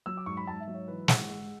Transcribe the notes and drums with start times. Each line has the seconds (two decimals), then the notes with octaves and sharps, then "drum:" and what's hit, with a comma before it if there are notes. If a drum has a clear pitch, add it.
0.06 F#3 E6
0.17 D6
0.26 G#2 C#6
0.37 B5
0.47 G#2 A5
0.60 E5
0.68 F#3
0.74 C#5
0.88 E3 B4
1.08 G#2 F#5, drum: snare
1.29 G#3